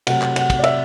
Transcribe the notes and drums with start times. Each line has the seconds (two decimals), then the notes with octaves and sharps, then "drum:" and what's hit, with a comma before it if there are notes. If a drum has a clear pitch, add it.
0.07 C3 F#3 A3 F#5, drum: cymbal
0.22 F#5, drum: clap
0.36 F#5, drum: cymbal
0.50 drum: kick, cymbal
0.59 D5
0.64 E5, drum: cymbal